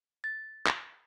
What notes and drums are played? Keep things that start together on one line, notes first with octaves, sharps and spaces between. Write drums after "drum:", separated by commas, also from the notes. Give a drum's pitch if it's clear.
A6
drum: clap